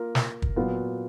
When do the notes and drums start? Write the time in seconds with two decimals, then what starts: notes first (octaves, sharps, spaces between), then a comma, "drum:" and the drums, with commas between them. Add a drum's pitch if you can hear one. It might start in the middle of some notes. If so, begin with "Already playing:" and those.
Already playing: A#3 F4 A#4
0.15 drum: snare
0.42 drum: kick
0.56 A#2 F#3 B3 F4